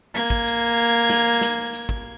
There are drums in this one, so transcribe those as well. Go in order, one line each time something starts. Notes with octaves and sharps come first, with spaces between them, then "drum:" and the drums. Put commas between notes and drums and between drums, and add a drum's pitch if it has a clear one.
A#3 G#6, drum: hi-hat
drum: kick
drum: hi-hat
drum: hi-hat
drum: snare
drum: snare
drum: hi-hat
drum: kick